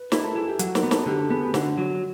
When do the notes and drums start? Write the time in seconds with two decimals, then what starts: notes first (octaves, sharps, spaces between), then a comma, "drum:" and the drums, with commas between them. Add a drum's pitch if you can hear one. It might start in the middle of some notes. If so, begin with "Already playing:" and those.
Already playing: B4
0.12 E4 A#4, drum: snare
0.23 A4
0.35 E4 G#4
0.48 G4
0.59 F#3 F#4, drum: hi-hat
0.75 A#4, drum: snare
0.83 B3
0.91 A4, drum: snare
1.06 D3 G4
1.19 A4
1.30 B3 G#4
1.42 G4
1.54 D3 F#4, drum: snare
1.78 F#3